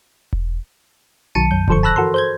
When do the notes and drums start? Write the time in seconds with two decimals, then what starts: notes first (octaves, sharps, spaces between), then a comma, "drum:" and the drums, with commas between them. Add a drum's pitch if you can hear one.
0.33 drum: kick E1
1.35 B1 D#3 F#3 A5 C#7 D#7
1.51 F#2 G6
1.68 G2 D3 F3 A4 C5 C#6, drum: kick E1
1.83 A5 B5 E6 F#6 A#6
1.96 E3 F#4 A4 A#4 C6
2.14 C5 G6 G#6